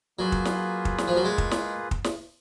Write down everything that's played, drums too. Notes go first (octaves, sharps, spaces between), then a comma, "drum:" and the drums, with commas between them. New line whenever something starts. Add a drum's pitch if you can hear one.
F#3 A#3 F4 G#4 B4
drum: kick
drum: snare
drum: kick
drum: snare
F3
F#3
G#3
drum: kick
drum: snare
drum: kick
drum: snare